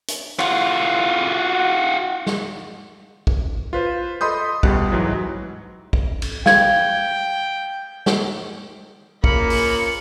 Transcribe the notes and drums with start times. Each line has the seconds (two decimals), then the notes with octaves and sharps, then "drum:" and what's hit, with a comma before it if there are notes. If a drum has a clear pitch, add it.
0.08 drum: hi-hat
0.39 F4 F#4, drum: clap
2.27 drum: snare
3.27 drum: kick
3.73 F4 B4 C5
4.21 A4 D#5 B5 C6 D#6 G6
4.63 C#2 B2 G3 F#6, drum: kick
4.92 G#2 E3 F#3
5.93 drum: kick
6.22 drum: cymbal
6.46 F5 G5 G#6, drum: snare
8.06 drum: snare
9.24 C#3 A#3 F4 A#4 B5 C#7, drum: kick
9.50 drum: open hi-hat